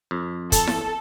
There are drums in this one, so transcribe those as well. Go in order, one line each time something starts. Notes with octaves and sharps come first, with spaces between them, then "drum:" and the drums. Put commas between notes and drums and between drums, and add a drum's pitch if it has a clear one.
F2
A4, drum: kick, hi-hat
drum: snare E4